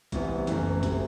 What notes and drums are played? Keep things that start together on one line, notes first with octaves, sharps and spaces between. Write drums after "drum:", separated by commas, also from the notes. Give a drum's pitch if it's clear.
C2 C3 E3 B3, drum: kick, hi-hat
F#1 F#2 E3 A3, drum: hi-hat
C3 F#3 A3, drum: kick, hi-hat